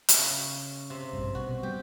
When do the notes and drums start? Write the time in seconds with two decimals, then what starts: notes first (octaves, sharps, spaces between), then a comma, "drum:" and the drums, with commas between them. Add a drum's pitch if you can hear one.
0.09 drum: hi-hat
0.18 C#3
0.90 C3
1.13 A#1 G2
1.35 B2 F#4
1.63 G3 G4